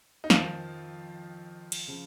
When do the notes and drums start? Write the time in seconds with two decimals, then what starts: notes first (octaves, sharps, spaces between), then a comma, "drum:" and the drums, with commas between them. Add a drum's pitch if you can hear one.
0.24 D#4
0.30 F2 D#3 F3 F4, drum: snare
1.72 drum: cymbal
1.88 C#3 F3